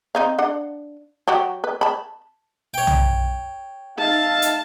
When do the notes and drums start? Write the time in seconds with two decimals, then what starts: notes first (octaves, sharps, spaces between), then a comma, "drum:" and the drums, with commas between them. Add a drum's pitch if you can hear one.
0.15 C4 D#4 F5
0.38 D4 F#5
1.28 F#3 F#4 G4
1.64 B4
1.81 A5 B5
2.74 C#5 G5
2.87 drum: tom
3.98 D#4 E5 F5 A5
4.42 drum: hi-hat